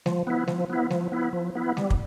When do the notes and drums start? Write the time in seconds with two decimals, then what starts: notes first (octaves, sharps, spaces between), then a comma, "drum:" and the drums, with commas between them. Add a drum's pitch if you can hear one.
0.06 F3, drum: snare G#3
0.27 B3 E4
0.48 F3, drum: snare G#3
0.70 B3 E4
0.90 F3, drum: snare G#3
1.12 B3 E4
1.33 F3
1.55 B3 E4
1.77 G3, drum: snare G#3
1.90 drum: kick